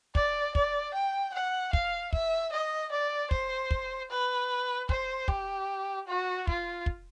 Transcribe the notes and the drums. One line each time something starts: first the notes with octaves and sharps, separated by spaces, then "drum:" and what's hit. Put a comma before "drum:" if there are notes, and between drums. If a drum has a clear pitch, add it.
D5, drum: kick
D5, drum: kick
G5
F#5
F5, drum: kick
E5, drum: kick
D#5
D5
C5, drum: kick
drum: kick
B4
C5, drum: kick
G4, drum: kick
F#4
F4, drum: kick
drum: kick